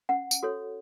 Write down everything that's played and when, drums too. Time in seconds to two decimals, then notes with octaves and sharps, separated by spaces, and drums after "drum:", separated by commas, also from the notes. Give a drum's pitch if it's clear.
0.09 C#4 F#5
0.31 drum: tambourine
0.43 F#4 A4 C#5